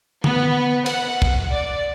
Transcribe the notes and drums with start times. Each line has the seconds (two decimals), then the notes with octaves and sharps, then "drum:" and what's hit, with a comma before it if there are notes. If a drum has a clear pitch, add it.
0.24 B3, drum: tom D3
0.86 F#5, drum: cymbal
1.22 drum: kick
1.50 D5